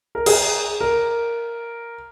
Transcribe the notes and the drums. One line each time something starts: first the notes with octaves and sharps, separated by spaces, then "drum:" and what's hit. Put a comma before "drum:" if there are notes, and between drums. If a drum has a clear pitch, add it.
A#4
G#4, drum: cymbal
A#4